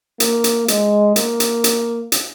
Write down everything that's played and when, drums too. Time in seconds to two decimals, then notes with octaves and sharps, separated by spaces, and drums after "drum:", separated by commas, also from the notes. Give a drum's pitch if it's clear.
0.20 A#3, drum: hi-hat
0.44 drum: hi-hat
0.68 G#3, drum: hi-hat
1.16 A#3, drum: hi-hat
1.40 drum: hi-hat
1.64 drum: hi-hat
2.12 drum: hi-hat